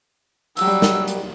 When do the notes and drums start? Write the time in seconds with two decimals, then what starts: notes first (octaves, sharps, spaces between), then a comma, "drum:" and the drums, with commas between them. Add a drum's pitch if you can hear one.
0.57 F#3 G3 E6, drum: hi-hat
0.82 drum: snare
1.08 drum: hi-hat